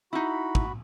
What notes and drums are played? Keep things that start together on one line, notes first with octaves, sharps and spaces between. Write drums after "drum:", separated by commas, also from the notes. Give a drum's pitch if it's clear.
D#4 E4 F#4 B5
drum: kick